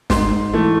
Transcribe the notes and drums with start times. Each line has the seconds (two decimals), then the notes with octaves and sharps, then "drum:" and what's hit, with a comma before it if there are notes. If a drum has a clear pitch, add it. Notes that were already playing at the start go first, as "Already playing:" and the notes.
0.10 G#2 C6, drum: snare
0.53 E3 A3